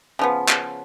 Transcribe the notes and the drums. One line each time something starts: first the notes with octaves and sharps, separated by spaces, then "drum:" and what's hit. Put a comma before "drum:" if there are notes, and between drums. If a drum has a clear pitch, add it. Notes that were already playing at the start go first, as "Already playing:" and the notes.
C#3 F3 B3
drum: clap